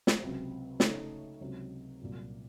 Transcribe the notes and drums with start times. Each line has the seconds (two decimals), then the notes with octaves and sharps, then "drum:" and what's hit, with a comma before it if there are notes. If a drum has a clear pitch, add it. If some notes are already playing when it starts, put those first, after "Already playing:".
0.07 drum: snare
0.20 C#2 C3 F#3 C4
0.80 C#3 A3 D#4 A4 C#5, drum: snare
1.41 C#2 C3 F#3
2.01 C2 A#2 F#3